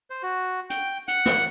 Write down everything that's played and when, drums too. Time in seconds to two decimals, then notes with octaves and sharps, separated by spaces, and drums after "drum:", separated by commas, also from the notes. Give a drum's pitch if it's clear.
0.10 C5
0.23 F#4
0.70 G5, drum: hi-hat
1.08 F#5, drum: hi-hat
1.26 drum: snare